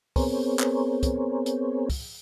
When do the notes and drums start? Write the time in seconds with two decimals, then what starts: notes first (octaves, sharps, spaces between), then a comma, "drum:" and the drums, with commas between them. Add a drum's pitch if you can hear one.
0.16 B3 C4 G#4 A#4 C5 C#5, drum: kick, open hi-hat
0.59 drum: clap
1.03 drum: kick, hi-hat
1.46 drum: hi-hat
1.90 drum: kick, open hi-hat